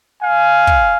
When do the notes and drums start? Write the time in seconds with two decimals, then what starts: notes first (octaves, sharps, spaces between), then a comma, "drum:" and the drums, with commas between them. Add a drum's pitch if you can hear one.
0.22 F5 G#5
0.67 drum: kick